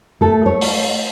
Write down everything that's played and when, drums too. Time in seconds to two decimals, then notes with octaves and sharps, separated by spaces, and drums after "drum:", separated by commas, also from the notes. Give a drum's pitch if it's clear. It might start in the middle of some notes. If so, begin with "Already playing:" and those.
0.21 A3 A4
0.46 A3 C#5
0.61 drum: open hi-hat